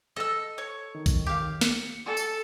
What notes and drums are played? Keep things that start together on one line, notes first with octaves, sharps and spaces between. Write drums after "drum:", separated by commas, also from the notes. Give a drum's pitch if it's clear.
A4 D#5 E6
C#5
D#3
drum: kick A#1, tambourine
G4 F5
C#7, drum: snare
A4
drum: tambourine